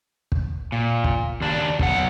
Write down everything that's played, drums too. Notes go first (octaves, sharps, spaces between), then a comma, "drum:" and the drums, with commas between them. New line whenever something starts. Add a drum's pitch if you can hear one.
drum: kick
A#2
drum: kick
D#2 D4
B1 F#5, drum: kick